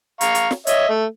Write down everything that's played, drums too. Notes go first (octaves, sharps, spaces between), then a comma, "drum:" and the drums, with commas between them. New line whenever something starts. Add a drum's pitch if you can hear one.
F5 A#5 C#6, drum: hi-hat
drum: hi-hat
drum: snare
C#5 D#5 E5, drum: hi-hat
A3